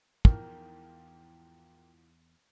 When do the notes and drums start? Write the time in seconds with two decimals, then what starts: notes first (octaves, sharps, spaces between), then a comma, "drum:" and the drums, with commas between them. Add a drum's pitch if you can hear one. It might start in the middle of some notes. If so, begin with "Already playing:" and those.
0.25 E2 G#2 E3 F3 A#4 G5, drum: kick